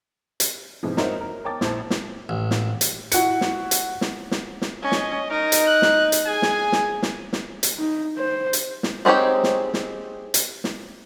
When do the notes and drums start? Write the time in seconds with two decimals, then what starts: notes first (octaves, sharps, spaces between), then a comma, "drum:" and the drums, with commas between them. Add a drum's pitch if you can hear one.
0.40 drum: hi-hat
0.83 G#2 C3 E3 F3
0.97 D#4 F#4 A#4 C5 C#5 E5, drum: snare
1.21 A#4
1.44 A#4 C#5 G5 A5 D6 A6
1.61 A#1 E4 C5 A5, drum: snare
1.90 drum: snare
2.29 A1
2.51 drum: snare
2.81 drum: hi-hat
3.12 E4 F#4 F#6 C#7, drum: hi-hat
3.41 drum: snare
3.71 drum: hi-hat
4.01 drum: snare
4.31 drum: snare
4.62 drum: snare
4.82 C#4 D#5
4.92 drum: snare
5.30 D#4 A#4
5.52 drum: hi-hat
5.67 F#6
5.82 drum: snare
6.12 drum: hi-hat
6.27 G#4 G#5
6.42 drum: snare
6.72 drum: snare
7.03 drum: snare
7.33 drum: snare
7.63 drum: hi-hat
7.78 D#4
8.17 C5
8.53 drum: hi-hat
8.83 drum: snare
9.05 G#3 C4 D#4 G4 C#5
9.43 drum: snare
9.74 drum: snare
10.34 drum: hi-hat
10.64 drum: snare